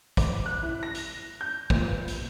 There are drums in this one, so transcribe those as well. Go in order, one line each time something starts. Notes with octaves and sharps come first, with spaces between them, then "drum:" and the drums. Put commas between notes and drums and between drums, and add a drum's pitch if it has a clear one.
D6, drum: kick, hi-hat
F#6
E4
A#6
drum: hi-hat
G6
A#2, drum: kick
B4
drum: hi-hat